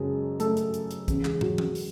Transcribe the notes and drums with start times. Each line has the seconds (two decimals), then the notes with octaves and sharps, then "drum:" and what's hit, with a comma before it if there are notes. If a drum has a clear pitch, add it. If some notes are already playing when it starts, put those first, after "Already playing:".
Already playing: F#1 F#2 C#3 F#3 G#3 G#4
0.40 A3 A4, drum: hi-hat
0.57 drum: hi-hat
0.74 drum: hi-hat
0.91 drum: hi-hat
1.08 E2 C#3 E3, drum: kick, hi-hat
1.25 G#3 G#4, drum: clap
1.41 F#3 F#4, drum: tom
1.58 drum: tom E3
1.75 drum: open hi-hat